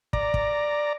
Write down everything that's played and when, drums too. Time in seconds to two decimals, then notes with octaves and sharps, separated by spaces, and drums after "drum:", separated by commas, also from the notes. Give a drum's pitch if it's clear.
0.13 D5 A#5, drum: kick
0.34 drum: kick